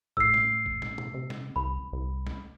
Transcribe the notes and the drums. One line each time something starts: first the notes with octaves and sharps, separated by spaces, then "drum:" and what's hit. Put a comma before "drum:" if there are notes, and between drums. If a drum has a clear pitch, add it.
A2 E6 C7, drum: kick A1
drum: snare
drum: kick A1
drum: snare
drum: tom B2
C3
drum: snare
C2 B5
C2
drum: snare